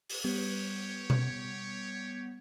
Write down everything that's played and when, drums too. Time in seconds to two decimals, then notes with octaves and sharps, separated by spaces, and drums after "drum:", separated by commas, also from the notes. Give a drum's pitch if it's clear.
0.10 drum: open hi-hat
0.24 G3 B3 G4 C#5
1.10 drum: tom B2